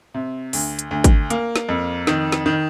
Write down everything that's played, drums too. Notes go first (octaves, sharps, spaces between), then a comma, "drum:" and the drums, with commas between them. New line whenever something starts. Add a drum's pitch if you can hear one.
C3
D2, drum: open hi-hat
drum: hi-hat
D2
drum: kick, hi-hat
A#3, drum: hi-hat
drum: snare
F2
D#3, drum: snare
drum: snare
D#3